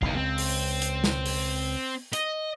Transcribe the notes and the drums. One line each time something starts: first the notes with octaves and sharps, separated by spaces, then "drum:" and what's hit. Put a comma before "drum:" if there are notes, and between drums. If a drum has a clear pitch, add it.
F#1 B1 E2 D#4 F5
C#2 C4
drum: open hi-hat
drum: hi-hat
drum: snare
drum: open hi-hat
D#5, drum: hi-hat